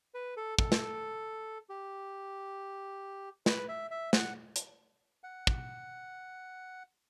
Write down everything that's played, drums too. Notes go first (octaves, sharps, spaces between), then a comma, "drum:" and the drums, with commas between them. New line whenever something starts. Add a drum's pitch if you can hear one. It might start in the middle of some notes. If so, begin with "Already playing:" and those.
B4
A4
A4, drum: kick
drum: snare
G4
B4, drum: snare
E5
E5
F#5, drum: snare
drum: hi-hat
F#5
drum: kick